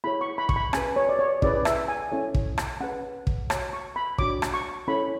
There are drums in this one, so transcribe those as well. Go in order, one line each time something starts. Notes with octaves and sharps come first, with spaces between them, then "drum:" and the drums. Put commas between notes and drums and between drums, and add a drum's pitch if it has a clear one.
E4 G#4 C#5 B5
C#6
B5
C#6, drum: kick
B5
C#4 G#4 B4 G#5, drum: rim click
C#5
D5
C#5
C#4 E4 G#4 B4 D5, drum: kick
E5, drum: rim click
G#5
C#4 E4 A4 C#5
drum: kick
drum: rim click
C#4 G#4 B4 F#5
drum: kick
F#4 C#5, drum: rim click
C#6
B5
D4 F#4 C#5 D6, drum: kick
drum: rim click
C#6
C#4 E4 A4 C#5 B5